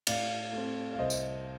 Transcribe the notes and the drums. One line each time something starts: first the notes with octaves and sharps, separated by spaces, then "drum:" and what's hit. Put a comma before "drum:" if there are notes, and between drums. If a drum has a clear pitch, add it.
A2 D5 F5, drum: cymbal
A3 C4
F5
C2 C5 D#5
drum: tambourine